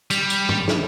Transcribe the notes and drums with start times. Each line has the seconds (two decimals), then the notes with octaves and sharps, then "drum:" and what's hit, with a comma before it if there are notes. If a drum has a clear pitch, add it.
0.11 G3, drum: tambourine
0.30 drum: tambourine
0.49 drum: tom G2
0.68 drum: snare